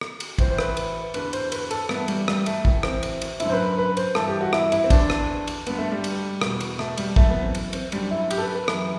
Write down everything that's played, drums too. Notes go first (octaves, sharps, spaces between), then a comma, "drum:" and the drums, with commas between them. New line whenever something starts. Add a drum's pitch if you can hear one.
drum: rim click
drum: cymbal
A2 E3 C5, drum: kick, cymbal
C5
B4, drum: rim click
drum: cymbal
E2 D3 B4, drum: cymbal
C5, drum: cymbal
B4, drum: cymbal
A4, drum: cymbal
G2 E3 B3, drum: rim click
G3, drum: cymbal
G3, drum: rim click
A3, drum: cymbal
A2 E3, drum: kick
C4, drum: rim click
drum: cymbal
drum: cymbal
D3 E4, drum: cymbal
F#2 C5
B4
B4
B4
C5, drum: cymbal
G2 E3 A4, drum: rim click
G4
F#4
E4, drum: rim click
E4, drum: cymbal
C4
E2 D3 D4, drum: kick, cymbal
drum: rim click
drum: cymbal
G2 D3 B3, drum: cymbal
A3
G3
drum: cymbal
E2 B2, drum: rim click
drum: cymbal
A3, drum: rim click
G3, drum: cymbal
F#2 E3 A3, drum: kick
B3
C4
drum: cymbal
C4, drum: cymbal
F#2 D3 G3, drum: cymbal
E4
G4, drum: cymbal
A4
B4
B4
F#2 E3, drum: rim click